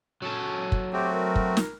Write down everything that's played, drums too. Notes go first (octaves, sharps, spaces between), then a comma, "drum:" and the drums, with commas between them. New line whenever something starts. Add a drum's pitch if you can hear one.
F#3 C#4 A4
drum: kick
A3 C4 F#4 G4
A#4
drum: kick
drum: snare